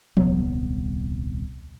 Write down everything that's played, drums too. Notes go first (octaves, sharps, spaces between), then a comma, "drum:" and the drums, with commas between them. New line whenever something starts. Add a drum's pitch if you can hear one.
D#1 C2 B3, drum: tom F3